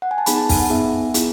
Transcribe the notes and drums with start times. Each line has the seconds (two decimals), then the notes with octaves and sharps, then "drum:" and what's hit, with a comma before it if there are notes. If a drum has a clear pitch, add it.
0.02 F#5
0.11 G#5
0.18 A5
0.26 B3 D#4 G#4 B5, drum: hi-hat
0.37 A5
0.49 G#5, drum: kick, open hi-hat
0.59 F#5
0.70 B3 D#4 G#4 E5
1.14 B3 E4 G#4, drum: hi-hat